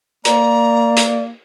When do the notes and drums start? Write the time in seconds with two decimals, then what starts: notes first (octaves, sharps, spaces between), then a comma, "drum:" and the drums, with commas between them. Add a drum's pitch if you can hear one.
0.25 A#3 D5 A#5, drum: hi-hat
0.96 drum: hi-hat